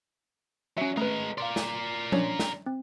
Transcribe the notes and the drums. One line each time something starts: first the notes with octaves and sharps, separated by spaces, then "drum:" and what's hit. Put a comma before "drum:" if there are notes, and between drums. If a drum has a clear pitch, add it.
F#3 C#4 E5
G#3 A3 A#4 B4
A#4 D5 F5 C6
drum: snare
C#4 D4 C#5, drum: tom F3
drum: snare
C4